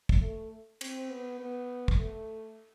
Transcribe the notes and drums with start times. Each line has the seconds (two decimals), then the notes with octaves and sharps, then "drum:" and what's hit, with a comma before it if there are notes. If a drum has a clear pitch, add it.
0.09 drum: kick
0.22 A3
0.81 C4, drum: cymbal
1.10 B3
1.40 B3
1.88 drum: kick
1.98 A3